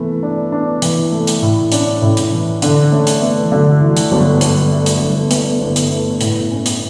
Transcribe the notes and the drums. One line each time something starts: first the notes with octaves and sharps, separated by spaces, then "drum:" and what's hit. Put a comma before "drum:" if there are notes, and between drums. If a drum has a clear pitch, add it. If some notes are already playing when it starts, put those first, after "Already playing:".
Already playing: E3 A3 B3
D4
D4
E3, drum: hi-hat
A3
drum: hi-hat
A2
C#4 D4, drum: hi-hat
A2 C#4
drum: hi-hat
E3
D3 D4, drum: hi-hat
A3 C#4
drum: hi-hat
A3 B3
E3
D3 F#3
F#3
E3 A3
drum: hi-hat
G1 F#3
G1, drum: hi-hat
A3
drum: hi-hat
G1
A3 B3, drum: hi-hat
G1
drum: hi-hat
A3
A2, drum: hi-hat
C#4
drum: hi-hat